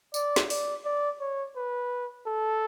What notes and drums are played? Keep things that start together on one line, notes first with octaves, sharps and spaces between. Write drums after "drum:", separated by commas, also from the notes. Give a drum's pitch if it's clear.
D5, drum: tambourine
drum: snare
D5, drum: open hi-hat
D5
C#5
B4
A4